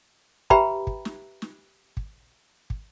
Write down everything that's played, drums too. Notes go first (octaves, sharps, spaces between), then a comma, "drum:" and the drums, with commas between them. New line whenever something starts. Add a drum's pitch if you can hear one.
G4 B4 E5 G5 A#5 B5, drum: kick
drum: kick
drum: snare
drum: snare
drum: kick
drum: kick